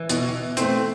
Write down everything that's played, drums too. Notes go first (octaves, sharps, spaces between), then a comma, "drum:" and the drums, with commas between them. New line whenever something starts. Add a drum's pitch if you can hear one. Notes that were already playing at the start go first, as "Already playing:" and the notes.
Already playing: E3
B2, drum: hi-hat
A3 C4, drum: hi-hat